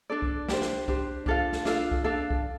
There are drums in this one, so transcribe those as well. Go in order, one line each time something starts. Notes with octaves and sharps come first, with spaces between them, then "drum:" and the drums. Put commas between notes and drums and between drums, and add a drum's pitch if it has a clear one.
D4 A4 D5
drum: kick C2
D4 G4 C5, drum: snare
drum: snare
D4 G4 C5, drum: kick C2
D4 F4 A4 F5, drum: kick C2
drum: snare
D4 F4 A4 F5, drum: snare
drum: kick C2
D4 A4 F5
drum: kick C2